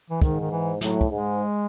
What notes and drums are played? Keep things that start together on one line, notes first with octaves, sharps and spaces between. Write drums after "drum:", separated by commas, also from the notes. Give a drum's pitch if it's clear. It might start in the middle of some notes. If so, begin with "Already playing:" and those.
E3
G#2 D#3, drum: kick
D#3
E3
A2 F#3, drum: snare
drum: kick
G#2 G#3